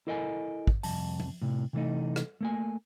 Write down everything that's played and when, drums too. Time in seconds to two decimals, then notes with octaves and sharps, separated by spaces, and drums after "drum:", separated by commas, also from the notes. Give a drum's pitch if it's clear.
0.07 E4 A4 A#4 D#5 F#5 G#5
0.67 drum: kick
0.83 C2 F2 A5, drum: open hi-hat
1.20 drum: tom F3
1.42 A2 C3
1.73 C3 E3 A3 D#4
2.16 drum: rim click
2.41 A3 A#3 G#5